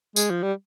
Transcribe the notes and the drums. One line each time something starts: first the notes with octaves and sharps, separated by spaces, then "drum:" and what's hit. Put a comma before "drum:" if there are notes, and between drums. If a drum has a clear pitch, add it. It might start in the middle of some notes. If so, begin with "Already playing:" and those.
G#3, drum: tambourine
F3
G3